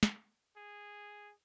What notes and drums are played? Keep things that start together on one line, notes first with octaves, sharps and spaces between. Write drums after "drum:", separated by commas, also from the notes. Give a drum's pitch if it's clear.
drum: snare
G#4